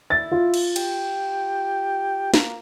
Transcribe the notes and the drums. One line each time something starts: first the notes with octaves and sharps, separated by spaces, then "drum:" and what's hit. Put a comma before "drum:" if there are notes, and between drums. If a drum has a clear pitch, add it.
E4 A6
F4
drum: cymbal
G4, drum: cymbal
A#3, drum: snare